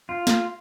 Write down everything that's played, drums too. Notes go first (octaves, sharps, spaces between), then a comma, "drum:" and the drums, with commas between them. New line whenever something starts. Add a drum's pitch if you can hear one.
F4
drum: snare